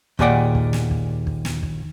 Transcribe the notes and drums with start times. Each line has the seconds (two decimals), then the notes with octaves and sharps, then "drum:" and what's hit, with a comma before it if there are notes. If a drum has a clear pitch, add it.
0.19 D#2 A#2 G#4 D5 F#5 G5, drum: kick
0.55 drum: kick
0.73 drum: snare
0.91 drum: kick
1.27 drum: kick
1.45 drum: snare
1.63 drum: kick